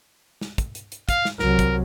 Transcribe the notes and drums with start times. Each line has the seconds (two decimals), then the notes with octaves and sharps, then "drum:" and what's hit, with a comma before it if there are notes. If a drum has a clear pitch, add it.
0.41 drum: snare
0.58 drum: kick, hi-hat
0.75 drum: hi-hat
0.92 drum: hi-hat
1.09 F5, drum: kick, hi-hat
1.25 drum: snare
1.39 C2 F#3 A#4, drum: snare
1.59 drum: kick, hi-hat